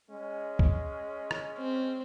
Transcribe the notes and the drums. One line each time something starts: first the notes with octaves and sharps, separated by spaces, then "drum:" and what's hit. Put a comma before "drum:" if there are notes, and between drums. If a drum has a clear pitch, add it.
G#3 C#4
drum: kick
drum: rim click
C4